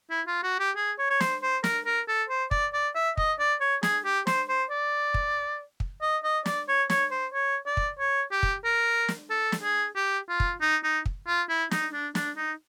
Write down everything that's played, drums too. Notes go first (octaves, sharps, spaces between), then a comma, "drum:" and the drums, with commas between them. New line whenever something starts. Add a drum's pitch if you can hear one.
E4
F4
F#4
G4
G#4
C#5
C#5
C5, drum: snare
C5
A#4, drum: snare
A#4
A4
C5
D5, drum: kick
D5
E5
D#5, drum: kick
D5
C#5
G#4, drum: snare
G4
C5, drum: snare
C5
D5
drum: kick
drum: kick
D#5
D#5
D5, drum: snare
C#5
C#5, drum: snare
C5
C#5
D5
drum: kick
C#5
G4
drum: kick
A#4
drum: snare
A4
drum: snare
G#4
G4
F4
drum: kick
D#4
D#4
drum: kick
F4
E4
D#4, drum: snare
D4
D4, drum: snare
D#4